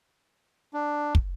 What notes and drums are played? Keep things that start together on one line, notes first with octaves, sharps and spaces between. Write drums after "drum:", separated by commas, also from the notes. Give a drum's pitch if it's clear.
D4
drum: kick